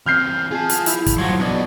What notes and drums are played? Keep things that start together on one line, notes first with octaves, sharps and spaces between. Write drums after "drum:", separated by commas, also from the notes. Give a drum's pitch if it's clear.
E3 C4 F6 G6 C7
F4 G#4 A5
drum: hi-hat
E4, drum: hi-hat
drum: kick, hi-hat
F3 F#3 F#4 G#6
B2 D4 C#5 D#5